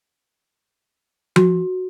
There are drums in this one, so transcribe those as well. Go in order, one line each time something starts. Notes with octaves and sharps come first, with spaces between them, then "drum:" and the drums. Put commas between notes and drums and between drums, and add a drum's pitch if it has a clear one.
F#4, drum: tom F3